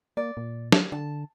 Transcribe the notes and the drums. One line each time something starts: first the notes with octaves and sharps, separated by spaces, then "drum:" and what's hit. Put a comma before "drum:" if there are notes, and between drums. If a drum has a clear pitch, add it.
A#3 D5
A#2
drum: snare
D3 A5